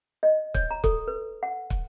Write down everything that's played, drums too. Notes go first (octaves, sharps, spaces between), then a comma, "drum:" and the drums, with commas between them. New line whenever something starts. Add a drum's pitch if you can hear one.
D#5
C#5, drum: kick
A#5
A4, drum: kick
B4
F#5
drum: kick